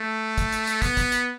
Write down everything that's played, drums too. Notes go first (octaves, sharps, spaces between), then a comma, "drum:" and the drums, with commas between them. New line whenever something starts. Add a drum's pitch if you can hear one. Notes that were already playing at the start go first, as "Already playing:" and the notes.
Already playing: A3
drum: kick, hi-hat
drum: hi-hat
drum: hi-hat
B3, drum: kick, hi-hat
drum: kick, hi-hat
drum: hi-hat